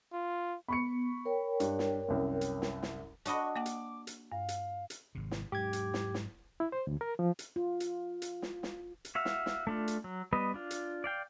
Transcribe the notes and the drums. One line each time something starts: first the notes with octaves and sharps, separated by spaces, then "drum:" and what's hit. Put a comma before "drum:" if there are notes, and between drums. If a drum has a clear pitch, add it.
F4
B3 B5 C#6 C#7
A#4 C#5 G5
G2, drum: hi-hat
drum: snare
C2 F#2
drum: hi-hat
drum: snare
drum: snare
D4 F#4 C#5 D#5 B5 C#6, drum: hi-hat
A#3 F#5 A5 D6
drum: hi-hat
drum: hi-hat
G2 F5
drum: hi-hat
drum: hi-hat
G#1 C3
drum: snare
G#2 F#3 G4 D6 G#6
drum: hi-hat
drum: snare
drum: snare
E4
C5
D2
A#4
F3
drum: hi-hat
F4
drum: hi-hat
drum: hi-hat
drum: snare
drum: snare
drum: hi-hat
F#4 E5 F5
drum: snare
drum: snare
A3 D4 F4
drum: hi-hat
F#3
G3 B3 B4 D#5
D4 F4
drum: hi-hat
D5 F5 G5